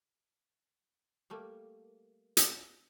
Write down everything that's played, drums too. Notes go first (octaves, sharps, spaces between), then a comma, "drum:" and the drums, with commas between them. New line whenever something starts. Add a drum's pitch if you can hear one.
G3 A3 A#3
drum: hi-hat